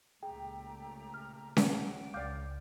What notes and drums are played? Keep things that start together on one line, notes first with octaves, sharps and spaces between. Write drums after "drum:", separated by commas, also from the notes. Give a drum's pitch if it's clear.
C#2 A#2 A3 G4 G#4 G5 A#5
F6
D4 F#5 G5 D6, drum: snare C#4
C#2 D5 F5 D6 G6